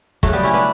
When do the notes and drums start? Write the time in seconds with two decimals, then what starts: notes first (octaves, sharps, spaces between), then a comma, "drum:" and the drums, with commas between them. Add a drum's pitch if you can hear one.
0.23 C#3 F#3 A3, drum: kick
0.33 G3 B3
0.43 C#4 E4
0.54 B3 D4